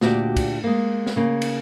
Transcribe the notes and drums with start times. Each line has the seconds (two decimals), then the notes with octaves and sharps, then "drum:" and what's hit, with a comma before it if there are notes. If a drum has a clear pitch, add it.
0.01 D2 A#2 F#4 G4 D5, drum: snare
0.36 drum: kick, cymbal
0.64 G#3 A#3
1.07 drum: snare
1.16 C#3 A#3
1.42 drum: cymbal